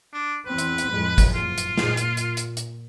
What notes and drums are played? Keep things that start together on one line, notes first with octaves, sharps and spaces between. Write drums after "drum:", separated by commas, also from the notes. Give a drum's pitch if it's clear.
D4
E2 C4 B4
drum: hi-hat
drum: hi-hat
F2 A2 G#3
drum: kick, hi-hat
F#1 G#2 F4
drum: hi-hat
A#2, drum: snare
drum: hi-hat
drum: hi-hat
drum: hi-hat
drum: hi-hat